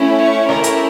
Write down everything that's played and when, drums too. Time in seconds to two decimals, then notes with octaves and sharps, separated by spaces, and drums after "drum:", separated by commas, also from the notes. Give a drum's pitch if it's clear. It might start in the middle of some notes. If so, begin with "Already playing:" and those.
Already playing: A3 C#4 E4
0.20 C#5
0.49 A3 C#4 E4 G4 A#4, drum: rim click
0.64 drum: hi-hat